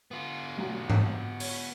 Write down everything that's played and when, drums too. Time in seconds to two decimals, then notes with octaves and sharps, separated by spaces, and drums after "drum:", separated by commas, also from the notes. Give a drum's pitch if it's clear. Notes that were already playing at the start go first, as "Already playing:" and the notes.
0.11 B3 F4
0.57 B1 C3
0.90 drum: tom G#2
1.40 C#5, drum: open hi-hat